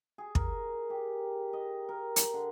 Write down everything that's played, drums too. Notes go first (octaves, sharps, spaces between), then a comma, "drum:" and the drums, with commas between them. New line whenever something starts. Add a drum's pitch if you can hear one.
G#4
A#4, drum: kick
G4
D#5
A#4
drum: hi-hat
D3